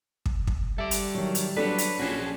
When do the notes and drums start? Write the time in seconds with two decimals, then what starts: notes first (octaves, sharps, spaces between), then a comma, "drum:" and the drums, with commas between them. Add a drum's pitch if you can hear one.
0.26 drum: kick
0.47 drum: kick
0.78 G3 A4 D5 E5
0.91 drum: hi-hat
1.15 D#3 F#3
1.35 drum: hi-hat
1.57 F#3 D4 F#4 A4 B4 C#5
1.78 drum: hi-hat
1.99 A#1 F3 C#4 F#4 G#4 A4